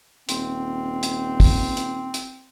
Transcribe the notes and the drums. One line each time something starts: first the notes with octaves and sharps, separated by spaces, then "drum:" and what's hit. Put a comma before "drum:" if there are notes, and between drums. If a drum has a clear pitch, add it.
D#1 C4, drum: hi-hat
drum: hi-hat
drum: kick, open hi-hat
drum: hi-hat
drum: hi-hat